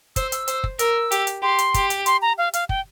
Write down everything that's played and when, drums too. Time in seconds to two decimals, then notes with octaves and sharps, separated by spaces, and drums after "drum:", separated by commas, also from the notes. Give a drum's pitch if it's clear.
0.16 C5 E6, drum: kick, hi-hat
0.32 E6, drum: hi-hat
0.48 C5, drum: hi-hat
0.64 drum: kick
0.79 A#4 E6, drum: hi-hat
1.12 G4, drum: hi-hat
1.27 drum: hi-hat
1.42 G4 C6
1.59 drum: hi-hat
1.74 G4, drum: kick, hi-hat
1.90 drum: hi-hat
2.06 C6, drum: hi-hat
2.22 A#5
2.38 F5
2.54 F5, drum: hi-hat
2.69 G5, drum: kick